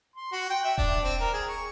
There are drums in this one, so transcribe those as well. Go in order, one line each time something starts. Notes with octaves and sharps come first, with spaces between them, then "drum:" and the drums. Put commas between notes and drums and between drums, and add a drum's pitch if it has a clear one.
C6
F#4
G5
E5
D4, drum: kick D#1
C4
A#4
G#4
C#6